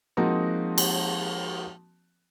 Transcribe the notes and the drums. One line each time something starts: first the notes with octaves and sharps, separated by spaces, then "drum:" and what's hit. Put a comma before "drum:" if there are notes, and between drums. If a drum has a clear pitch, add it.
F3 G#3 A#3 C4 D#4 F#4
drum: cymbal